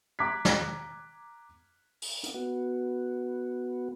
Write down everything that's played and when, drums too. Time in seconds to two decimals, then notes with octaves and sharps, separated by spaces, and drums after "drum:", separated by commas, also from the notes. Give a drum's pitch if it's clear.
0.19 A#5 D6 F#6 G#6 B6
0.45 drum: snare
2.02 drum: open hi-hat
2.24 drum: hi-hat
2.34 B3 F#4